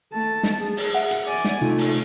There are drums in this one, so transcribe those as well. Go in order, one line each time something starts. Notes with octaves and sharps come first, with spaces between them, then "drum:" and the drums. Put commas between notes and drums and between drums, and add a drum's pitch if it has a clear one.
A3 A5
drum: snare
G#4
drum: open hi-hat
E5 F#5
drum: hi-hat
D5 G#5
drum: snare
C3 A3 D#4 F4
drum: open hi-hat